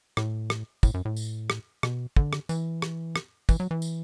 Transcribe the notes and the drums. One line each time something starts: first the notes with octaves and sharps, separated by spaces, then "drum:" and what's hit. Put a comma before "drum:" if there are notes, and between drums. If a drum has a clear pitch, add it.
A2, drum: rim click
drum: rim click
A2, drum: kick, tambourine
F#2
A2
drum: tambourine
drum: rim click
B2, drum: rim click
D3, drum: kick
drum: rim click
E3, drum: tambourine
drum: rim click
drum: rim click
E3, drum: kick, tambourine
F#3
E3
drum: tambourine